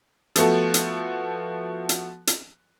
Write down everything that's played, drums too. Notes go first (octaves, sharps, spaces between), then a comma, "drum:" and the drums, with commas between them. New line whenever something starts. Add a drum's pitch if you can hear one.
F3 A3 B3 F#4 A4, drum: hi-hat
drum: hi-hat
drum: hi-hat
drum: hi-hat